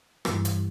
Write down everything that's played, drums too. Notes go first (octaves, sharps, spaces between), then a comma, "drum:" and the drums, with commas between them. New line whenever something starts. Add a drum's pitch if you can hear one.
G2 E3 G3, drum: rim click
drum: hi-hat